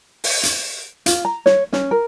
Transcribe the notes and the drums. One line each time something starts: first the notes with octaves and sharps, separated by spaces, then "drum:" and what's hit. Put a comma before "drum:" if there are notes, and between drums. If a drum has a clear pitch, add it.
drum: open hi-hat
drum: hi-hat
F4, drum: hi-hat
A#5
C#5, drum: snare
C#4, drum: snare
A#4